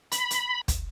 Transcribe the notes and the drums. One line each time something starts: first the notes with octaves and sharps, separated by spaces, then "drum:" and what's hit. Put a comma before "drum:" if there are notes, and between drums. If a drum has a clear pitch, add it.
B5, drum: hi-hat
drum: hi-hat
drum: kick, hi-hat